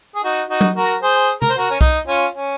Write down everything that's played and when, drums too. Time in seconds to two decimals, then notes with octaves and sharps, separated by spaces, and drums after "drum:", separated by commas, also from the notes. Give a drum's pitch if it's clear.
0.15 G#4
0.24 D#4 F#4
0.50 D#4 F#4
0.61 drum: tom F#3
0.76 F#4 A#4
1.03 G#4 C5
1.42 A#4, drum: tom C3
1.50 C5
1.58 F#4 A#4
1.71 C#4
1.81 D#4, drum: kick B1
2.07 C#4 F4
2.34 C#4